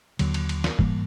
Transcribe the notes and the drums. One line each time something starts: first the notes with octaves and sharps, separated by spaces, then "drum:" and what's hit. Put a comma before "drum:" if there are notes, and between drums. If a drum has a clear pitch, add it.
D#2 D3 F#3, drum: cymbal
drum: cymbal
drum: cymbal
drum: snare
G#2 E3 G3 A#3, drum: kick